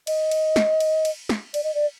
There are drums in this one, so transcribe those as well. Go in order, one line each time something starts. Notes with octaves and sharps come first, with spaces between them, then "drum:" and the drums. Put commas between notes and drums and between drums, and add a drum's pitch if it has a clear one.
D#5, drum: cymbal
drum: cymbal
drum: snare
drum: cymbal
drum: cymbal
drum: snare
D5, drum: cymbal
D#5
D5